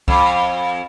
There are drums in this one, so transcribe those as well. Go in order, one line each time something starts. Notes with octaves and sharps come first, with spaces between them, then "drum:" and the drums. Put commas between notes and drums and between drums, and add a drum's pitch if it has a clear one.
F2, drum: kick C2